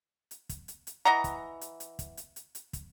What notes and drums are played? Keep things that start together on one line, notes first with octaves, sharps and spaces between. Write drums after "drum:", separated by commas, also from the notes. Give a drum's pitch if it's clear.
drum: hi-hat
drum: kick, hi-hat
drum: hi-hat
drum: hi-hat
E3 D#5 F#5 A#5
drum: kick, hi-hat
drum: hi-hat
drum: hi-hat
drum: kick, hi-hat
drum: hi-hat
drum: hi-hat
drum: hi-hat
drum: kick, hi-hat